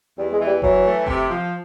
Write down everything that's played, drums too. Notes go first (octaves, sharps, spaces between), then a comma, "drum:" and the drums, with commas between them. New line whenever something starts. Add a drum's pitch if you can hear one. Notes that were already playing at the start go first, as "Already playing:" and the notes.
E2 G3
G#3
E3
G3
E3 F#3, drum: kick F#1
A3
C3, drum: kick F#1
F3